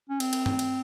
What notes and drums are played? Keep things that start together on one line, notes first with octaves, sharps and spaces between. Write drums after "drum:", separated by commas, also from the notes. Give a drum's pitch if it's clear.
C#4
C4, drum: cymbal
drum: cymbal
drum: tom G2
drum: cymbal